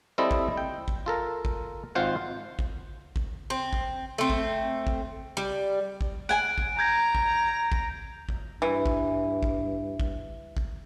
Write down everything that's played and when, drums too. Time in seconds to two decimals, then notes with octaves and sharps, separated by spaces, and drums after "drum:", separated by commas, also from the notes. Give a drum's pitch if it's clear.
0.18 G3 C4 E4 A4 D#5
0.31 drum: kick A1
0.57 G5
0.88 drum: kick A1
1.06 F4 A4 A#4
1.45 drum: kick A1
1.95 G#1 F4 C5 F#5
2.59 drum: kick A1
3.16 drum: kick A1
3.50 C4
3.73 drum: kick A1
4.18 A3 C4
4.30 drum: kick A1
4.87 drum: kick A1
5.37 G3
6.01 drum: kick A1
6.29 F#5 G#5 D7
6.58 drum: kick A1
6.79 A#5 G6 G#6 A#6
7.15 drum: kick A1
7.72 drum: kick A1
8.29 drum: kick A1
8.62 G2 E3
8.86 drum: kick A1
9.43 drum: kick A1
10.00 drum: kick A1
10.57 drum: kick A1